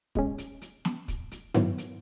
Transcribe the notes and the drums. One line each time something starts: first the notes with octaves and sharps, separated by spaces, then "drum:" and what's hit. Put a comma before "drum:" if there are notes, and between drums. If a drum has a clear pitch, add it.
B2 G#3 C#4, drum: kick
drum: hi-hat
drum: hi-hat
drum: snare
drum: kick, hi-hat
drum: hi-hat
D#3 F#3 B3 E4, drum: tom G2
drum: hi-hat